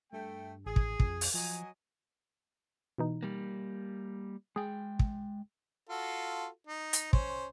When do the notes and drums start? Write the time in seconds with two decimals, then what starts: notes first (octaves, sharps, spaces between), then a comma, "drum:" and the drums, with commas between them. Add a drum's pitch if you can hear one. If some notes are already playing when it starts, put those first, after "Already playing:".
0.13 G2 A3 G5
0.66 A1 G#4
0.76 drum: kick
1.00 F2, drum: kick
1.21 drum: open hi-hat
1.34 F3 F#3 D#5 G#5
2.98 B2 E3 D#4
3.23 G3 A#3
4.56 G#3 G#4 G5
4.99 drum: kick
5.89 F4 F#4 A4
6.67 D#4
6.93 drum: hi-hat
7.13 C#4 C5, drum: kick